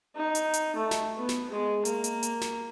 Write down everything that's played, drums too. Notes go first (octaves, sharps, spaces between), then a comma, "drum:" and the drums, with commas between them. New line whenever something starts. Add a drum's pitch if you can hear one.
D#4
drum: hi-hat
drum: hi-hat
A3
drum: snare
B3
drum: snare
G#3
A#3, drum: hi-hat
drum: hi-hat
drum: hi-hat
drum: snare